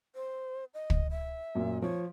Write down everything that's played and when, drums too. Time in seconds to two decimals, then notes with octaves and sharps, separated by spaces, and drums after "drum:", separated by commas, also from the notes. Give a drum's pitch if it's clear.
0.15 C5
0.74 D#5
0.90 drum: kick
1.11 E5
1.55 F#2 A#2
1.82 F3 C#5